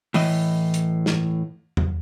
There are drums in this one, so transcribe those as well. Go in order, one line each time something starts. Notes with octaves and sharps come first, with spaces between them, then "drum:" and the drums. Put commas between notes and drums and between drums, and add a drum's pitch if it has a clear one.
A2 E3 D#5, drum: open hi-hat
drum: hi-hat
drum: snare
drum: tom E2